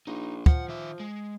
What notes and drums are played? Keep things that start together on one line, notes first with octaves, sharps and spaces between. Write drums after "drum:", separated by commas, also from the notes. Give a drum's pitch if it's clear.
A#1 D#4
F3 F#5, drum: kick
D#3 E5
G#3